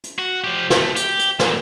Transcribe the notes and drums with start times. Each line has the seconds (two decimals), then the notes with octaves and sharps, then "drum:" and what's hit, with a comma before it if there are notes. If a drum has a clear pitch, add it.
0.04 drum: hi-hat
0.19 F#4
0.44 F3 G4
0.70 B1 A3, drum: snare
0.96 G4, drum: hi-hat
1.19 drum: hi-hat
1.39 G#2 D3, drum: snare